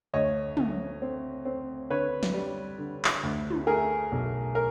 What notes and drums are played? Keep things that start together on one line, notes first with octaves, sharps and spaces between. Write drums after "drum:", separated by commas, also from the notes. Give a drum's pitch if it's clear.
D2 C#5 D#5
D3, drum: tom
C4
C4
D3 B4 C#5
drum: snare
G3
D3
drum: clap
D2
drum: tom
A3 G#4 A#4
B1
A#4